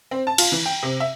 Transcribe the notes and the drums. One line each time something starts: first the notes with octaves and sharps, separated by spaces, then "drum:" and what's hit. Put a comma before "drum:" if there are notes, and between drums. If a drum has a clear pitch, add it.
C4
A5
F4, drum: cymbal
E3
G5
C3
E5